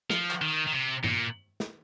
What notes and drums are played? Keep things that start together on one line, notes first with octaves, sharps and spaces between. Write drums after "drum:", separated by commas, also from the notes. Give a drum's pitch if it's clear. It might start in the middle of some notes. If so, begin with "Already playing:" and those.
F3, drum: snare
drum: clap
D#3
D#3
C3
A#2, drum: tom G2
drum: snare